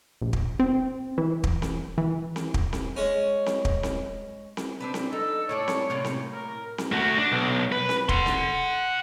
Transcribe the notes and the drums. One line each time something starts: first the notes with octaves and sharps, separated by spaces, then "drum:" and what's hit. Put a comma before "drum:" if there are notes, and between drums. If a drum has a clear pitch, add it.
A#1
drum: kick
C4
E3
drum: kick
drum: snare C4
E3
drum: snare C4
drum: kick
drum: snare C4
G#3 C#4
drum: snare C4
drum: kick
drum: snare C4
drum: snare C4
C4 D4 B4
drum: snare C4
D#4 A4
A2 A4 C#5 D5
drum: snare C4
A2 C3 A#3
drum: snare C4
A#4
drum: snare C4
A3 F#4
D4
B1
B4
drum: snare C4
F#5 C6, drum: kick
drum: snare C4